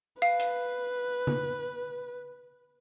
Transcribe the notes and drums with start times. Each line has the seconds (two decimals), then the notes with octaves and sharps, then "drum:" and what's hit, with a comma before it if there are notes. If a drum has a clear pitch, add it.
0.22 B4 F5, drum: tambourine
0.39 drum: hi-hat
1.27 drum: tom C#3